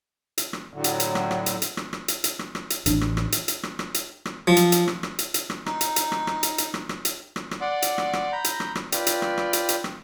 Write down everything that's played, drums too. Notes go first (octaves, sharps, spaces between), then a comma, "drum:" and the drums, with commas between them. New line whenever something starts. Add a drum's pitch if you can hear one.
drum: hi-hat
drum: rim click
A2 D3 F#3
drum: hi-hat
drum: hi-hat
drum: rim click
drum: rim click
drum: hi-hat
drum: hi-hat
drum: rim click
drum: rim click
drum: hi-hat
drum: hi-hat
drum: rim click
drum: rim click
drum: hi-hat
A1 D4, drum: hi-hat
drum: rim click
drum: rim click
drum: hi-hat
drum: hi-hat
drum: rim click
drum: rim click
drum: hi-hat
drum: rim click
F3
drum: hi-hat
drum: hi-hat
drum: rim click
drum: rim click
drum: hi-hat
drum: hi-hat
drum: rim click
D#4, drum: rim click
drum: hi-hat
drum: hi-hat
drum: rim click
drum: rim click
drum: hi-hat
drum: hi-hat
drum: rim click
drum: rim click
drum: hi-hat
drum: rim click
drum: rim click
D5 F#5 C6 D6
drum: hi-hat
drum: rim click
drum: rim click
A#5 B5 G6
drum: hi-hat
drum: rim click
drum: rim click
F4 B4 D5 G5, drum: hi-hat
drum: hi-hat
drum: rim click
drum: rim click
drum: hi-hat
drum: hi-hat
drum: rim click